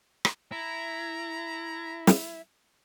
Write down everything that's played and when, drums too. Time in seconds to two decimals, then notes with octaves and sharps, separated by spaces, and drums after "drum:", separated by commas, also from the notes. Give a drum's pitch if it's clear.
0.25 drum: rim click
0.52 E4 A#5
2.07 drum: snare